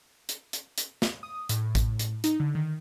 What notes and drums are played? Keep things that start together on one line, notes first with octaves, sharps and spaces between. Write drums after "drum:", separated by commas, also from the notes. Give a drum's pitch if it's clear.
drum: hi-hat
drum: hi-hat
drum: hi-hat
drum: snare
D#6
A2, drum: hi-hat
drum: kick A1, hi-hat
drum: hi-hat
D#4, drum: hi-hat
D3
D#3